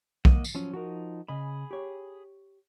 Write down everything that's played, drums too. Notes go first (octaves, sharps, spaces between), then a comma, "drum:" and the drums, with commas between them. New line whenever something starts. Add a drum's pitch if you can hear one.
A#3 D#5 F#5, drum: kick B1
drum: tambourine
F3 F#3 C#4
F3 D#4 F#4 A#4
C#3 G#4 D#5 B5
G4 C#5